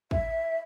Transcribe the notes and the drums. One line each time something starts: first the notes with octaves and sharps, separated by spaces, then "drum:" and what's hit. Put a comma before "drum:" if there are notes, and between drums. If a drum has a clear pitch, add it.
E5, drum: kick